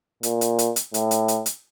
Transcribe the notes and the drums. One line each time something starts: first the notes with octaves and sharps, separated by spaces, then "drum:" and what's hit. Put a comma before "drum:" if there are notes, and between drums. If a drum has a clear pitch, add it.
A#2, drum: hi-hat
drum: hi-hat
drum: hi-hat
drum: hi-hat
A2, drum: hi-hat
drum: hi-hat
drum: hi-hat
drum: hi-hat